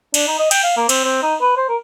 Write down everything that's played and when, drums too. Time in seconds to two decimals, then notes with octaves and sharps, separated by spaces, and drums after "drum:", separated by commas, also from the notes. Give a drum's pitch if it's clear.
0.14 D4, drum: cymbal
0.27 D#4
0.39 D#5
0.51 G5, drum: cymbal
0.63 F5
0.77 A#3
0.89 C4, drum: cymbal
1.04 C4
1.23 D#4
1.41 B4
1.57 C5
1.68 A#4